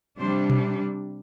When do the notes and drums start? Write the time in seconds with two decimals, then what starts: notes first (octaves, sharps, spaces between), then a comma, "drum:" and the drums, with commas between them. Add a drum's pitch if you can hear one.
0.18 C3 G3 D4 C5
0.50 drum: tom B2